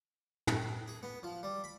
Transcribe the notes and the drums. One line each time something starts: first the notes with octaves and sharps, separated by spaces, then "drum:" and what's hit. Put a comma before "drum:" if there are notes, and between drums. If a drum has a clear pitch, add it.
drum: tom
G#4
B3
F3
G3
B5